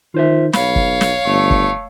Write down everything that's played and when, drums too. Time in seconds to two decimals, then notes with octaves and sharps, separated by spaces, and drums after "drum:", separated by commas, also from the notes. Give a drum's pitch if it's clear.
0.14 D#3 F4 C5 E5
0.53 B1 C#5 F5 B5, drum: snare
0.76 drum: kick
1.01 drum: snare
1.26 G1 A3
1.51 drum: kick